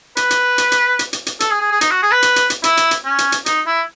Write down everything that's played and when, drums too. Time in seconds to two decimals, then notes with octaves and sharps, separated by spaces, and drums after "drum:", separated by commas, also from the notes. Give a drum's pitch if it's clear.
0.17 B4, drum: hi-hat
0.30 drum: hi-hat
0.58 drum: hi-hat
0.72 drum: hi-hat
0.99 drum: hi-hat
1.13 drum: hi-hat
1.26 drum: hi-hat
1.40 A4, drum: hi-hat
1.51 G#4
1.61 G#4
1.72 G#4
1.81 D#4, drum: hi-hat
1.91 F#4
2.02 G#4
2.12 B4
2.22 drum: hi-hat
2.36 drum: hi-hat
2.50 drum: hi-hat
2.64 E4, drum: hi-hat
2.77 drum: hi-hat
2.91 drum: hi-hat
3.05 C#4
3.18 drum: hi-hat
3.32 drum: hi-hat
3.46 D#4, drum: hi-hat
3.66 E4